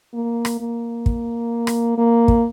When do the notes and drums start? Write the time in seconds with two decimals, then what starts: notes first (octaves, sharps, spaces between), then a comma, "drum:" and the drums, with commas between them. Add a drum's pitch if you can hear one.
0.14 A#3
0.45 drum: rim click
0.60 A#3
1.06 drum: kick
1.67 drum: rim click
1.98 A#3
2.28 drum: kick